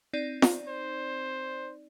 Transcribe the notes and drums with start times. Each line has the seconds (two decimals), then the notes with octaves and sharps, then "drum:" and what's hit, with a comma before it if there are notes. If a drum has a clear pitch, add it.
0.13 C4 D#4 D5
0.42 drum: snare F4
0.68 C5